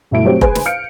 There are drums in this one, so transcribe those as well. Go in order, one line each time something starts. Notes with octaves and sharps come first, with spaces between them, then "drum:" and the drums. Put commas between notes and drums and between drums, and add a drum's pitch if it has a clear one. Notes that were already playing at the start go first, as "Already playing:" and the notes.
G1 B2 A3 E4 D7
F#3 A3 C4 G4
G#4 B4 C5 G#5, drum: kick F1
drum: snare
F5 F6 G6 C#7 D7